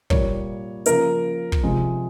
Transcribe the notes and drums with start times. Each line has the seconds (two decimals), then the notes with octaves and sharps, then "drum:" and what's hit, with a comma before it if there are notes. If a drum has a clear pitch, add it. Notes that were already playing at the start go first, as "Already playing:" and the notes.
0.10 A#2 G3 A#3 C#5, drum: kick
0.86 C#3 F3 A#3 A#4, drum: hi-hat
1.52 drum: kick
1.63 C3 F3 G#3